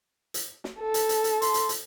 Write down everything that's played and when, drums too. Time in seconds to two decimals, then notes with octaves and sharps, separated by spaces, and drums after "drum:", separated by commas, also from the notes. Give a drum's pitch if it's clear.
0.34 drum: hi-hat
0.64 drum: snare
0.79 A4
0.94 drum: hi-hat
1.09 drum: hi-hat
1.24 drum: hi-hat
1.42 C6, drum: hi-hat
1.54 drum: hi-hat
1.69 drum: hi-hat